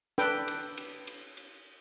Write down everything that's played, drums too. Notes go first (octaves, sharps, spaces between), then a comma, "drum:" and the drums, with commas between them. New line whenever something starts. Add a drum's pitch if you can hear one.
D4 A4 B4 G5, drum: snare
drum: cymbal
drum: cymbal
drum: cymbal
drum: cymbal